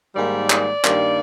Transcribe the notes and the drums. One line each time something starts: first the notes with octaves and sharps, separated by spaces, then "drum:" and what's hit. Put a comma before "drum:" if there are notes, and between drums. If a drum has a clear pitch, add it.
G#2 D#3 G3 A#3 D5
drum: clap
G2 D#3 G3 A#3, drum: clap